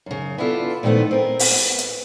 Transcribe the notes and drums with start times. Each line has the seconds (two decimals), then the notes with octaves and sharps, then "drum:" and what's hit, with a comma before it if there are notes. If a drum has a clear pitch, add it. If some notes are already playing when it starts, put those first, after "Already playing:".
0.06 F#2 C#3
0.38 B3 D4 E4 F4 A4
0.83 A#2 D#3 F3 A3 B3
1.11 C4 A#4
1.39 drum: open hi-hat
1.52 B3
1.79 drum: hi-hat